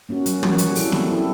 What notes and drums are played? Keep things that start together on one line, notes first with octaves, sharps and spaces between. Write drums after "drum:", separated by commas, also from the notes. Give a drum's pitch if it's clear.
A#3 C#4 F#4
F#3, drum: hi-hat
A#3 C#4 F#4, drum: tom
G3, drum: hi-hat
C4 E4 A4, drum: open hi-hat
G3, drum: snare
C4 E4 A4